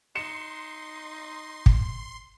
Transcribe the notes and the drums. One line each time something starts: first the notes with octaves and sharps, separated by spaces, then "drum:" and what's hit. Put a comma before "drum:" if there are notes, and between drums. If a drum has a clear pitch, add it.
D#4 C6 C#7 E7
drum: kick